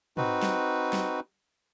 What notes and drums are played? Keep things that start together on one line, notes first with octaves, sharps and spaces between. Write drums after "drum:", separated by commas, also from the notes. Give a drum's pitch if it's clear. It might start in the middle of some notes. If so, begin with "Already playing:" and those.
C4 D#4 F#4 B4, drum: tom
drum: snare
drum: snare